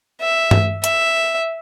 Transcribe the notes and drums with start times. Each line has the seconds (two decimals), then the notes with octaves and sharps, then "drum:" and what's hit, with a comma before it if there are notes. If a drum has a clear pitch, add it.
0.21 E5
0.51 drum: tom G2
0.84 E5, drum: hi-hat